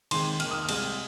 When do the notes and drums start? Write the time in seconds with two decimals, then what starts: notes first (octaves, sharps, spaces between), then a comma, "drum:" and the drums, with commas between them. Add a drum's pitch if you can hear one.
0.11 D#2 D#3 G#3 C4 C6, drum: cymbal
0.40 D#2 D#3 A#3 F6, drum: cymbal
0.51 D#6
0.63 F6
0.69 C2 C3 G#3 C4, drum: cymbal